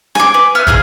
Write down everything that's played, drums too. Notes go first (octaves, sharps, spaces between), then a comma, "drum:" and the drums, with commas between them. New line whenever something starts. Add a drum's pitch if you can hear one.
G#5 D6, drum: rim click
B4
B3 E5 G#5 F6
E4 G#4 D#5 F5, drum: kick